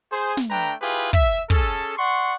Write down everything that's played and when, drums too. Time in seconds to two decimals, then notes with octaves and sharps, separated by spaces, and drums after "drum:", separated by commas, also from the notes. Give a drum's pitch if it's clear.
0.12 G#4 C5
0.37 drum: snare
0.50 A3 D4 B4 G5 A#5
0.82 E4 F4 G4 G#4 B4
1.13 E5, drum: kick
1.50 C#4 G#4 A4, drum: kick
1.98 D5 F#5 C6 C#6